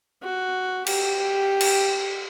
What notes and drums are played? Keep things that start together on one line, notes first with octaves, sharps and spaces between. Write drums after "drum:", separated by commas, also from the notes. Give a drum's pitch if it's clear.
F#4
G4, drum: cymbal
drum: cymbal